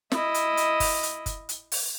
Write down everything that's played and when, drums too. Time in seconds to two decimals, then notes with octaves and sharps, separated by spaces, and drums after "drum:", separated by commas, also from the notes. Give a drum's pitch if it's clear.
0.12 E4 D#5, drum: snare
0.34 drum: hi-hat
0.57 drum: hi-hat
0.80 drum: kick F#1, open hi-hat
1.03 drum: hi-hat
1.26 drum: kick F#1, hi-hat
1.49 drum: hi-hat
1.72 drum: open hi-hat